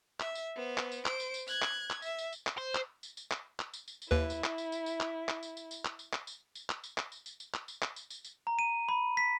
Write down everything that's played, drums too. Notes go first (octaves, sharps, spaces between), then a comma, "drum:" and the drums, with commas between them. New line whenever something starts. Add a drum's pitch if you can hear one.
E5, drum: clap
drum: tambourine
B3 C5
drum: clap
drum: tambourine
C5 D7, drum: clap
drum: tambourine
drum: tambourine
F#6 G#6, drum: tambourine
drum: clap
drum: clap
E5, drum: tambourine
drum: tambourine
drum: tambourine
drum: clap
C5
drum: clap
drum: tambourine
drum: tambourine
drum: clap
drum: clap
drum: tambourine
drum: tambourine
drum: tambourine
D#2 E4 B4
drum: tambourine
drum: clap
drum: tambourine
drum: tambourine
drum: tambourine
drum: clap
drum: clap
drum: tambourine
drum: tambourine
drum: tambourine
drum: clap
drum: tambourine
drum: clap
drum: tambourine
drum: tambourine
drum: clap
drum: tambourine
drum: clap
drum: tambourine
drum: tambourine
drum: tambourine
drum: clap
drum: tambourine
drum: clap
drum: tambourine
drum: tambourine
drum: tambourine
A#5
D#7
B5
B6